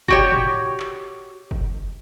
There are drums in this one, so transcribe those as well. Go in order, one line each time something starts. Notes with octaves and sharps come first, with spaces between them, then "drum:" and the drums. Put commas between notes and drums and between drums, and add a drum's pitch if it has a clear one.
F#4 G4 C#5, drum: kick
drum: tom A2
drum: clap
drum: kick